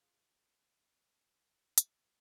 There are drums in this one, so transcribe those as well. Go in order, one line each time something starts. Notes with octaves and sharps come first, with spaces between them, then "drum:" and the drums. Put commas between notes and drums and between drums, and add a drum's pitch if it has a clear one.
B3 F4 G#4 F5
drum: hi-hat